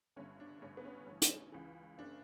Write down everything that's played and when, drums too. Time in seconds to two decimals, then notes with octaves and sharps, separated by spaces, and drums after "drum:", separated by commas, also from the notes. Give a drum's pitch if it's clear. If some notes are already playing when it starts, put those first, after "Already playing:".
0.16 G1 G2 D3 C#4
0.40 D4
0.62 A1 G2 D3 C#4
0.77 B3
0.85 C#4
1.07 A1 G2 E3
1.22 drum: hi-hat
1.52 C#2 C#3 E3
1.98 F#1 C#3 D4